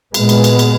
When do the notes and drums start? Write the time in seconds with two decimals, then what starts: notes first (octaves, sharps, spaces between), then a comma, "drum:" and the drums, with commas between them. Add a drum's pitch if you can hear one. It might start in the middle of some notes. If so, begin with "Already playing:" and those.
0.14 A#2 G#3 B3, drum: cymbal
0.29 drum: cymbal
0.44 drum: cymbal
0.59 drum: cymbal